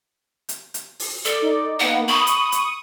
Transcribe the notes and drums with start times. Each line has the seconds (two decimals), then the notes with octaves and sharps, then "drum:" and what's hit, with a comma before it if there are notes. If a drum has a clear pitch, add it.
0.49 drum: hi-hat
0.74 drum: hi-hat
0.99 drum: open hi-hat
1.25 A4 D5, drum: hi-hat
1.42 D#4 D5
1.80 A#3 B3 D#4 F#5
2.08 B5 C#6 D#6
2.27 drum: hi-hat
2.52 drum: hi-hat